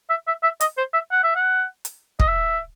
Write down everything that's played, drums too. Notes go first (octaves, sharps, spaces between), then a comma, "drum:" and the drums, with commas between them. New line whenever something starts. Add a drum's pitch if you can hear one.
E5
E5
E5
D#5, drum: hi-hat
C5
E5
F#5
E5
F#5
drum: hi-hat
D#5, drum: kick
E5